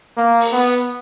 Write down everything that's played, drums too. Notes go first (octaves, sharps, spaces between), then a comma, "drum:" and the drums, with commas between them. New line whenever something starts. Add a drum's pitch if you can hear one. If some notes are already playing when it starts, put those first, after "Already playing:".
A#3
drum: open hi-hat
B3